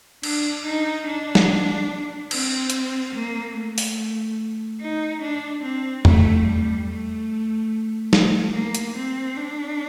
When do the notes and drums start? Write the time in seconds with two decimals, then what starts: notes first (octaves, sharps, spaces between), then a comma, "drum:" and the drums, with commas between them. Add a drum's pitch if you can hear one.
0.23 D4, drum: cymbal
0.65 D#4
1.07 D4
1.35 drum: snare
2.31 C4, drum: cymbal
2.70 drum: hi-hat
3.14 A#3
3.56 A3
3.78 drum: open hi-hat
4.80 D#4
5.22 D4
5.63 C4
6.05 A3, drum: tom E2
6.46 G3
6.87 A3
8.13 A3, drum: snare
8.54 A#3
8.75 drum: hi-hat
8.96 C4
9.36 D4